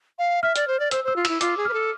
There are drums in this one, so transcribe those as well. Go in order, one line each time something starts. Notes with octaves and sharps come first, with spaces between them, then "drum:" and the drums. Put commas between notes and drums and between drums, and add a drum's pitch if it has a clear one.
F5
E5 F6
D5, drum: hi-hat
C5
D5
C5 E6, drum: hi-hat
C5 E6
F4
E4 E6, drum: cymbal
F4 D6, drum: hi-hat
G#4
B4 F6
A4